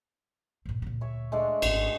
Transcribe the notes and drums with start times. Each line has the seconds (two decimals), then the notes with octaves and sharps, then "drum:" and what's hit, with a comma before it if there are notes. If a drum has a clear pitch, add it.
0.65 G2 A#2
0.82 D2 A#2
1.01 C#5 E5
1.32 G#3 A3 D4
1.62 G#1 D#4, drum: cymbal